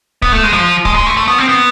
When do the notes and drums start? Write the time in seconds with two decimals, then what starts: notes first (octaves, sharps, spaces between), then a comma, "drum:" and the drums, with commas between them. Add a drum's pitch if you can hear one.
0.22 B3, drum: kick
0.32 A3
0.43 G#3
0.53 F3
0.85 G#3, drum: kick
0.95 G#3
1.06 A3
1.17 A3
1.28 B3
1.38 C4
1.49 B3